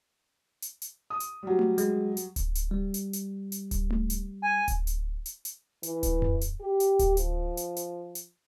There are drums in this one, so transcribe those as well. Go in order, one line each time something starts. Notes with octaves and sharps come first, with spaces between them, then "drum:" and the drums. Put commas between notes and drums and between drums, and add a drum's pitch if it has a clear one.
drum: hi-hat
drum: hi-hat
D#6
drum: hi-hat
F#3 G3
drum: tom A3
G#3, drum: hi-hat
drum: hi-hat
drum: kick D1, hi-hat
drum: hi-hat
G3
drum: hi-hat
drum: hi-hat
drum: hi-hat
drum: kick D1, hi-hat
drum: tom A3
drum: hi-hat
G#5
drum: kick D1, hi-hat
drum: hi-hat
drum: hi-hat
drum: hi-hat
E3, drum: hi-hat
drum: kick D1, hi-hat
drum: tom F2
drum: hi-hat
G4
drum: hi-hat
drum: kick D1, hi-hat
F3, drum: hi-hat
drum: hi-hat
drum: hi-hat
drum: hi-hat